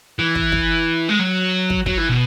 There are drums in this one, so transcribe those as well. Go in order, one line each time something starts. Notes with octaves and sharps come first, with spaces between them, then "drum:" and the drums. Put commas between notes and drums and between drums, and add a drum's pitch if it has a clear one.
E3
drum: kick
drum: kick
G#3
F#3
drum: kick
F#3, drum: kick
E3
B2